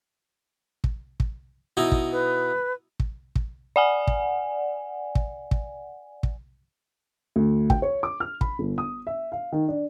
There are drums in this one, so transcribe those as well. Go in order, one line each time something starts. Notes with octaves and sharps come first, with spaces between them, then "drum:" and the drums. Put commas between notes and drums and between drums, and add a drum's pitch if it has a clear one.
drum: kick
drum: kick
B2 D#4 E4
drum: kick
B4
drum: kick
drum: kick
D5 F#5 G#5
drum: kick
drum: kick
drum: kick
drum: kick
D2
G5, drum: kick
C#5
D6
F6
B5, drum: kick
G1
D#6
E5
F5
D#3
D4